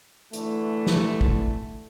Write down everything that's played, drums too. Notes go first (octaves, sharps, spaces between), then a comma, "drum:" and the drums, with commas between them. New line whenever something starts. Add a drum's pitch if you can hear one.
D3 E3 A3, drum: hi-hat
drum: snare
drum: kick